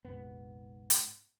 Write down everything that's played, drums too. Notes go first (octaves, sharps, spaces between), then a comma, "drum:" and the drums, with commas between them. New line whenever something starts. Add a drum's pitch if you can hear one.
F1 A#1 G#2 C3 B3
drum: hi-hat